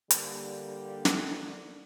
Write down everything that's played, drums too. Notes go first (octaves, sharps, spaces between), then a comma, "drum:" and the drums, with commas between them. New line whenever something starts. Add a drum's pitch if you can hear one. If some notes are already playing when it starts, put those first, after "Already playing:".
D3 G3 A#3, drum: hi-hat
drum: snare